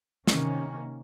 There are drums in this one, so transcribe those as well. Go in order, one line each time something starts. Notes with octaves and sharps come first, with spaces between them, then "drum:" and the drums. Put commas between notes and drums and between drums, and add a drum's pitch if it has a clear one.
C3 D#3 A#3 C#4, drum: snare